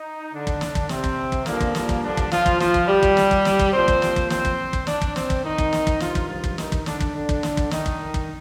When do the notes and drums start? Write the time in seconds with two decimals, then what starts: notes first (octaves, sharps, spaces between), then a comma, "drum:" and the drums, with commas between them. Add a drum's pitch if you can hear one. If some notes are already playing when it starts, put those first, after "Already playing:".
Already playing: D#4
0.33 D3 D4
0.47 drum: kick
0.61 drum: snare
0.75 drum: kick
0.89 C3 C4, drum: snare
1.04 drum: kick
1.32 drum: kick
1.46 G2 A#2 D3 F3 A#3, drum: snare
1.60 drum: kick
1.75 drum: snare
1.89 drum: kick
2.03 D3 D4
2.17 drum: kick
2.32 F3 F4, drum: snare
2.46 drum: kick
2.60 F3 F4, drum: snare
2.74 drum: kick
2.88 G3 G4
3.03 drum: kick
3.17 drum: snare
3.31 drum: kick
3.45 drum: snare
3.59 drum: kick
3.73 A#2 F3 C4 C5
3.88 drum: kick
4.02 drum: snare
4.16 drum: kick
4.30 C4 C5, drum: snare
4.45 drum: kick
4.73 drum: kick
4.87 D4 D5, drum: snare
5.02 drum: kick
5.16 C4 C5, drum: snare
5.30 drum: kick
5.44 D#3 D#4
5.58 drum: kick
5.73 drum: snare
5.87 drum: kick
6.00 G2 D#3 F3 F4, drum: snare
6.15 drum: kick
6.29 F3 F4
6.44 drum: kick
6.58 D#3 D#4, drum: snare
6.72 drum: kick
6.86 D3 D4, drum: snare
7.00 drum: kick
7.14 D3 D4
7.29 drum: kick
7.43 drum: snare
7.57 drum: kick
7.71 D#3 D#4, drum: snare
7.86 drum: kick
8.14 drum: kick